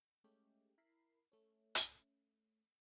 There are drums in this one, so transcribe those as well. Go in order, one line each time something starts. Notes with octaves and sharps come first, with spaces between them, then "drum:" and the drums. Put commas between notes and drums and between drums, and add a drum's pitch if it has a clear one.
G#3 A3 C#4 G4
E4 A#4 B5 C7
A3 C#4
drum: hi-hat